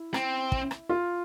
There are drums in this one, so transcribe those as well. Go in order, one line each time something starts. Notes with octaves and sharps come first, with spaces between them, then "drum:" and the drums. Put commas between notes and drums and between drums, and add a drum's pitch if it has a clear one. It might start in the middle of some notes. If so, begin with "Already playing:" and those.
Already playing: E4
C4, drum: rim click
drum: kick
drum: rim click
F4